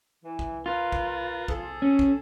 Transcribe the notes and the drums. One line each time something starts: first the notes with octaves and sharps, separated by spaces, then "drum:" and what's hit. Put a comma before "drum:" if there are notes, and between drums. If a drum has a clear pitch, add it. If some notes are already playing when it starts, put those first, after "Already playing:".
E3
drum: kick
F4 A#4 B4
drum: kick
C4 G#4 A4, drum: kick
C#4
drum: kick